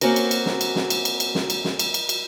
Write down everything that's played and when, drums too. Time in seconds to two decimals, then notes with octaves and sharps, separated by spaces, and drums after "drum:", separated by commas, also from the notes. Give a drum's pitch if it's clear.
0.01 A#3 C4 C#4 F#4 A#4, drum: cymbal
0.16 drum: cymbal
0.31 drum: cymbal
0.46 drum: snare
0.61 drum: cymbal
0.76 drum: snare
0.90 drum: cymbal
1.05 drum: cymbal
1.20 drum: cymbal
1.35 drum: snare
1.50 drum: cymbal
1.65 drum: snare
1.79 drum: cymbal
1.94 drum: cymbal
2.09 drum: cymbal